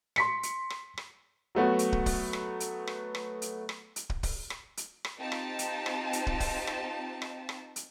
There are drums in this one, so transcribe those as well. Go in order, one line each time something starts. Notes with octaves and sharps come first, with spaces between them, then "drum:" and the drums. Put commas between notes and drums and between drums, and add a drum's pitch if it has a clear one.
C6 B6 C#7, drum: rim click
drum: hi-hat
drum: rim click
drum: rim click
F#3 A3 B3 F#4
drum: hi-hat
drum: kick
drum: kick, open hi-hat
drum: rim click
drum: hi-hat
drum: rim click
drum: rim click
drum: hi-hat
drum: rim click
drum: hi-hat
drum: kick
drum: kick, open hi-hat
drum: rim click
drum: hi-hat
drum: rim click
C4 D#4 F4 G4 A5
drum: rim click
drum: hi-hat
drum: rim click
drum: hi-hat
drum: kick
drum: kick, open hi-hat
drum: rim click
drum: rim click
drum: rim click
drum: hi-hat